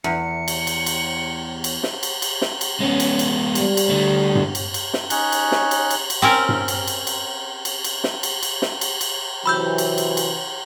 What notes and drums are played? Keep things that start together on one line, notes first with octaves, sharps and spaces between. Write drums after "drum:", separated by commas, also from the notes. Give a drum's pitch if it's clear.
E2 C#7
drum: cymbal
drum: cymbal
drum: cymbal
drum: cymbal
drum: snare
drum: cymbal
drum: cymbal
drum: snare
drum: cymbal
G#3 B3 C#4
drum: cymbal
drum: cymbal
G3, drum: cymbal
drum: cymbal
D3 A3
drum: tom G2
drum: cymbal
drum: cymbal
drum: snare
C#4 D#4 C#5 F#6, drum: cymbal
drum: cymbal
drum: snare
drum: cymbal
drum: cymbal
drum: cymbal
C4 C#4 A#4
drum: tom G2
drum: cymbal
drum: cymbal
drum: cymbal
drum: cymbal
drum: cymbal
drum: snare
drum: cymbal
drum: cymbal
drum: snare
drum: cymbal
drum: cymbal
C3 E3 F#3 B5 E6 G6
drum: cymbal
drum: cymbal
drum: cymbal